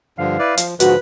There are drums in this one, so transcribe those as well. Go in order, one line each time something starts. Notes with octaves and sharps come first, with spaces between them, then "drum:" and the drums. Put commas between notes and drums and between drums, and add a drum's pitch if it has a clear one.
G2 D3 F3 F5
E4 B4 D5
F3, drum: hi-hat
G#2 D3 F3 F#4 B4, drum: hi-hat